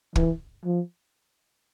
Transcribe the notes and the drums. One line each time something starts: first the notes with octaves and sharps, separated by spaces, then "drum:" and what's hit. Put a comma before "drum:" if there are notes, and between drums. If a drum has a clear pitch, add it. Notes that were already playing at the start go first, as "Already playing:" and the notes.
E3, drum: kick
F3